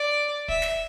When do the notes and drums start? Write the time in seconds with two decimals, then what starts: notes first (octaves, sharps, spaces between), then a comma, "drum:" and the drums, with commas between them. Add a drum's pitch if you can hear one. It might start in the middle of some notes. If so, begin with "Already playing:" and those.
Already playing: D5
0.48 E5, drum: kick
0.62 drum: snare